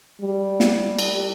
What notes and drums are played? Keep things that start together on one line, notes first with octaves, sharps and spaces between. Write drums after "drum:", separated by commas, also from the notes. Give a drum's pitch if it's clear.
G3
drum: snare
drum: cymbal